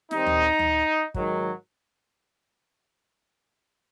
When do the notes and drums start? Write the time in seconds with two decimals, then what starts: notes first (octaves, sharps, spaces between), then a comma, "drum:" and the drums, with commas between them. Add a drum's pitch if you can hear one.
0.11 D#3 G3 C4 D#4, drum: snare
0.26 drum: tom D2
0.59 drum: tom D2
1.14 G#2 D#3 F#3, drum: kick